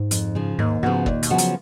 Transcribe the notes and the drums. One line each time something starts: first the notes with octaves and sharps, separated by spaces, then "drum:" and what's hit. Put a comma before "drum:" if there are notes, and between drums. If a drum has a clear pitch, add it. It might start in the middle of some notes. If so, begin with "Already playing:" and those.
Already playing: G#2
F2, drum: hi-hat
C#3 F3
D#2 G#2
G#2 C#3 F3 B3 F#4
D#2 A#2, drum: kick
B2, drum: hi-hat
C#3 F3 B3 F#4
F#3, drum: hi-hat